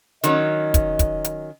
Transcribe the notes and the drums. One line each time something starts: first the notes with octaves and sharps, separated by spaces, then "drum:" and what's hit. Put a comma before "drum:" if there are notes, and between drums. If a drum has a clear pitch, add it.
D#3 F#3 C#4 D#5, drum: hi-hat
drum: kick, hi-hat
drum: kick, hi-hat
drum: hi-hat